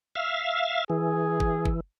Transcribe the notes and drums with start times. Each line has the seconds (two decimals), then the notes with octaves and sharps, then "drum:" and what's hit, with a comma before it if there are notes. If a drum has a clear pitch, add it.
0.15 E5 F5
0.90 E3 G#4
1.40 drum: kick
1.65 drum: kick